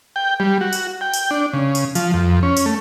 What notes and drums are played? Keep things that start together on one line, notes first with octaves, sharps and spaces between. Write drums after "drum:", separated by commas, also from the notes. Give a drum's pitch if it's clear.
G5
G3
F#4
drum: tambourine
G5
drum: tambourine
D4
C#3
drum: tambourine
F3, drum: tambourine
F2
C#4
drum: tambourine
A3